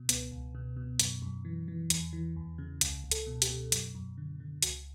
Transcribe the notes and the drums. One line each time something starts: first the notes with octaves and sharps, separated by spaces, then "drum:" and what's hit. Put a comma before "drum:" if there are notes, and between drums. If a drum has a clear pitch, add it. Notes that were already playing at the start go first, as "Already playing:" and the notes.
Already playing: B2
C#2 B3, drum: hi-hat
C#2
B2
B2
F#2, drum: hi-hat
F#2
E3
E3
E2, drum: hi-hat
E3
E2
C#3
C#2, drum: hi-hat
C#2
A4, drum: hi-hat
B2
G4, drum: hi-hat
B2
F#2, drum: hi-hat
F#2
D3
D3
C#2 F#4, drum: hi-hat